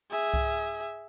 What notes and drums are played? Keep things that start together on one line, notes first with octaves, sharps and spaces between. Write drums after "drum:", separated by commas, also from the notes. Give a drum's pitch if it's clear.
G#4 E5
drum: kick C2